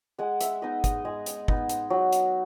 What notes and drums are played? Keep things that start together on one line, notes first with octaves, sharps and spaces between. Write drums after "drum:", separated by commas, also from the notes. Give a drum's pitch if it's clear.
G#3 F#5
E5, drum: hi-hat
B3 D#4 D#5
D#5, drum: kick, hi-hat
G#3
drum: hi-hat
B3 D#4, drum: kick
drum: hi-hat
F#3
drum: hi-hat